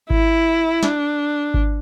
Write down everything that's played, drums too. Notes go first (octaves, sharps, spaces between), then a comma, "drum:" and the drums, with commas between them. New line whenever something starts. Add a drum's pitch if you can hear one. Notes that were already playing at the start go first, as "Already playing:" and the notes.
E4, drum: kick G#1
D4, drum: snare
drum: kick G#1